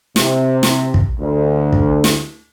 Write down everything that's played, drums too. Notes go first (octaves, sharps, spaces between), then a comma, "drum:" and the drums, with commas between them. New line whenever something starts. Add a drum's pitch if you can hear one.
C3, drum: snare
drum: snare
drum: kick
D2
drum: kick
drum: snare